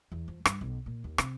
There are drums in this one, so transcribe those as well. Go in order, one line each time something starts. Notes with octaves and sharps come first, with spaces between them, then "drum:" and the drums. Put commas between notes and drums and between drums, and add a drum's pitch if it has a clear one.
E2
F3
G2, drum: rim click
B1
A#2
D#2
C3, drum: rim click